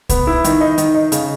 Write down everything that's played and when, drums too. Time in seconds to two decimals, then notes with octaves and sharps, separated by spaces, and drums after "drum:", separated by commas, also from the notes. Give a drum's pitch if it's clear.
0.09 B3, drum: kick C2, hi-hat
0.27 E4
0.44 D#3, drum: hi-hat
0.61 D#4
0.78 D#3, drum: hi-hat
0.94 D#4
1.12 C#3, drum: hi-hat